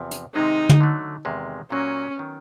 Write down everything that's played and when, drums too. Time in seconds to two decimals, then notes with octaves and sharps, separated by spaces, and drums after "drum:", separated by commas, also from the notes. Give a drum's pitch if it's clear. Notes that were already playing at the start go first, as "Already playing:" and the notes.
Already playing: E2 C3 F3
0.11 drum: hi-hat
0.34 C3 D#3 G#3 C4 D#4
0.69 drum: tom
0.81 D3 F#3 A3
1.25 E2 C3 D#3 G#3
1.70 A#2 F#3 A#3 C#4
2.16 D#3 F#3 B3